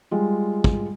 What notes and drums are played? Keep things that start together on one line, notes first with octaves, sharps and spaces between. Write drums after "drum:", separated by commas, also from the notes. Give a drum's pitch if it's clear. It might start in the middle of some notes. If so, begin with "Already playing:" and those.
G3 G#3 F4
drum: kick